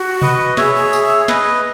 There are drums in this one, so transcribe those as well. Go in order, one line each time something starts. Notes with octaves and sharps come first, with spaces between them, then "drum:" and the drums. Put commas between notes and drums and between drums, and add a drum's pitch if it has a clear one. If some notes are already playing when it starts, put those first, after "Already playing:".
Already playing: F#4
B4 D#5, drum: tom B2
G#4 C#5 E5, drum: snare
G#4
drum: tambourine
B4 D#5, drum: snare